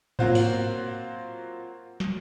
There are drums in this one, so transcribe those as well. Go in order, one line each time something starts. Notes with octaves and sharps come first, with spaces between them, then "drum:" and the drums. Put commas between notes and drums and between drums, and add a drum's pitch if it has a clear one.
F#3 A#3 C4 F4 F#4 C5, drum: tom G#2
drum: open hi-hat
drum: snare